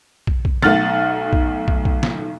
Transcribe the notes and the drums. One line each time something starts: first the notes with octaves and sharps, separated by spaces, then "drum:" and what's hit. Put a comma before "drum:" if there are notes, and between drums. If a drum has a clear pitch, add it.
drum: kick
drum: kick
B1 A3 D#4 F#5 F6 A6, drum: snare
drum: kick
drum: kick
drum: kick
drum: snare